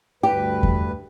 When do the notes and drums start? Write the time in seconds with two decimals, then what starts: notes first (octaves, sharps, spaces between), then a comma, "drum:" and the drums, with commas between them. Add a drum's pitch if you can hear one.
0.23 D2 G2 G4 B4
0.63 drum: kick E2